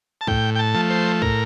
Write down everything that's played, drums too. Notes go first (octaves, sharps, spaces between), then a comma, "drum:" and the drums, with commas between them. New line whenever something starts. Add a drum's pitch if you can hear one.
A5
A2 G5, drum: kick
G5
A5
F3 A3
C5
A2 A#4, drum: kick